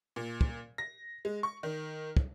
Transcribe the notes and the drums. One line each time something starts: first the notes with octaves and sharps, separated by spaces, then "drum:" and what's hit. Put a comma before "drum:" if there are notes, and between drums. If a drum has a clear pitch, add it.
A#2
drum: kick
A#6
G#3
C#6
D#3
drum: kick